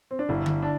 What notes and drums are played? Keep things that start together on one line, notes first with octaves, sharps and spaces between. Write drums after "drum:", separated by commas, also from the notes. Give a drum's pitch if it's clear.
C4
D4
G1 E4
drum: tom D3
D4